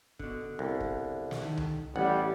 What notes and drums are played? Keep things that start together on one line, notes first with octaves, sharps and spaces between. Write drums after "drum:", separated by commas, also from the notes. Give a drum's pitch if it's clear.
B2 D3, drum: kick
C2
drum: kick
drum: snare
D3 D#3
drum: tom C#2
A1 G3 F#5